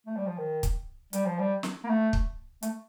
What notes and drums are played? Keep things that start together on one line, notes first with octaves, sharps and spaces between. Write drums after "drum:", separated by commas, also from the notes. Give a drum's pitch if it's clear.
A3
G3
F3
D#3
drum: kick, hi-hat
G3, drum: hi-hat
F3
G3
drum: snare
A#3
A3
drum: kick
A3, drum: hi-hat